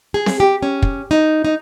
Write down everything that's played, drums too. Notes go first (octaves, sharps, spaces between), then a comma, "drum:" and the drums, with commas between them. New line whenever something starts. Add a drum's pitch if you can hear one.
G#4
drum: snare C4
G4
C#4
drum: kick
D#4
D#4